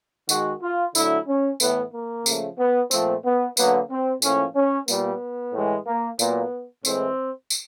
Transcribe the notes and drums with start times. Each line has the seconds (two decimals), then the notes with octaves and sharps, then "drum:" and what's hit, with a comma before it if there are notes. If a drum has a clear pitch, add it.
0.29 D#3 G#3 F#4, drum: tambourine
0.62 F4
0.95 D3 F#3 A3 E4, drum: tambourine
1.27 C#4
1.60 A2 E3 A3 B3, drum: tambourine
1.93 A#3
2.26 C#3 F3 A3, drum: tambourine
2.58 B3
2.91 A#2 F3 A3 C4, drum: tambourine
3.24 B3
3.57 D3 F#3 A#3 B3, drum: tambourine
3.90 C4
4.22 A2 F3 A#3 C#4, drum: tambourine
4.55 C#4
4.88 A#2 G3 A#3 B3, drum: tambourine
5.53 A2 E3 G#3
5.87 A#3
6.19 A#2 F#3 A#3 B3, drum: tambourine
6.85 A2 E3 G#3 C4, drum: tambourine
7.50 drum: tambourine